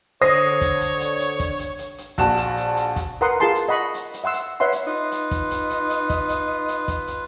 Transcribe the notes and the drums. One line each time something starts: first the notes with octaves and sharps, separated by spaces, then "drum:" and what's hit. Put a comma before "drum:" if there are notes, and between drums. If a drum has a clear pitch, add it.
D3 C5 C#5 D#6 A#6 C7
drum: kick, hi-hat
drum: hi-hat
drum: hi-hat
drum: hi-hat
drum: kick, hi-hat
drum: hi-hat
drum: hi-hat
drum: hi-hat
A#1 F#4 A5 E7, drum: kick, hi-hat
drum: hi-hat
drum: hi-hat
drum: hi-hat
drum: kick, hi-hat
A#4 B4 F#5 A#5 C6 D#6
F4 G#4 A#4 A5 C6
drum: hi-hat
D#5 F#5 B5 C#6
drum: hi-hat
drum: hi-hat
E5 F#5 C6 E6
drum: hi-hat
B4 C#5 E5 F#5 C6
drum: hi-hat
D#4 F4 B4
drum: hi-hat
drum: kick, hi-hat
drum: hi-hat
drum: hi-hat
drum: hi-hat
drum: kick, hi-hat
drum: hi-hat
drum: hi-hat
drum: kick, hi-hat
drum: hi-hat